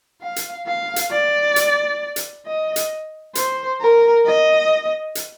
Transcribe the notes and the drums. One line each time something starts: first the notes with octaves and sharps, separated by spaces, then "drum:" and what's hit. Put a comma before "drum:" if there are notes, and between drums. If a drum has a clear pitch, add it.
F5
drum: hi-hat
F5
drum: hi-hat
D5
drum: hi-hat
drum: hi-hat
D#5
drum: hi-hat
C5, drum: hi-hat
A#4
D#5
drum: hi-hat